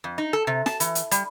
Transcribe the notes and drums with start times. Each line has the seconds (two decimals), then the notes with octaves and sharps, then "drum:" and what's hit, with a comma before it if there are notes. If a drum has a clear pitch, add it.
0.04 F2
0.18 D#4
0.33 A4
0.47 C3
0.66 A5, drum: snare
0.80 E3, drum: hi-hat
0.95 drum: hi-hat
1.11 G3, drum: hi-hat